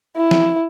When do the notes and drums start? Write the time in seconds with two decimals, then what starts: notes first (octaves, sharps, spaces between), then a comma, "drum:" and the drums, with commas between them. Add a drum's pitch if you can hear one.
0.16 E4
0.31 drum: snare F3